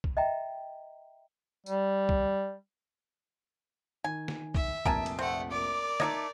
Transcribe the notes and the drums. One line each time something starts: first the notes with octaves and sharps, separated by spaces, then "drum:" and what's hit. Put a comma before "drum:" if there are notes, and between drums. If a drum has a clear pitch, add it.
drum: kick
D#5 E5 G5 A#5
G3, drum: tambourine
drum: kick
D#3 G#5
drum: snare
E5, drum: kick
F1 A#1 A#4 G#5 A5 D7, drum: kick
drum: cymbal
A3 C4 F#5
A#4 D5 D6
A3 D#4 D#5 G#6, drum: snare